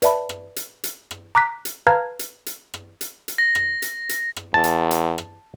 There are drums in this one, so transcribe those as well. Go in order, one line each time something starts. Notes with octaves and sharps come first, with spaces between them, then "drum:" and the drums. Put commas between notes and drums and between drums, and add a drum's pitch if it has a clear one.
B4 D5 E5 A5 B5, drum: hi-hat
drum: rim click
drum: hi-hat
drum: hi-hat
drum: rim click
A#5 D6 F#6 B6
drum: hi-hat
B4 F5 A5 A#5 F6 G#6
drum: hi-hat
drum: hi-hat
drum: rim click
drum: hi-hat
drum: hi-hat
A#6
drum: rim click
drum: hi-hat
drum: hi-hat
drum: rim click
E2 A5
drum: hi-hat
drum: hi-hat
drum: rim click